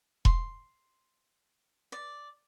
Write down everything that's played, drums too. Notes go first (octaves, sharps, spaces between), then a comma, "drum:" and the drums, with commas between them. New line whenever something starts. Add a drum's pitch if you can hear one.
C6, drum: kick E1
D5